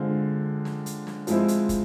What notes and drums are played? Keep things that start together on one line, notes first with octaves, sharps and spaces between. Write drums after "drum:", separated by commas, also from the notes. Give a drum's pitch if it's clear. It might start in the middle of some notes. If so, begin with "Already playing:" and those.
Already playing: D3 G#3 C4 F4
drum: snare
drum: hi-hat
drum: snare
F3 G#3 C4 E4, drum: hi-hat
drum: hi-hat
drum: kick, hi-hat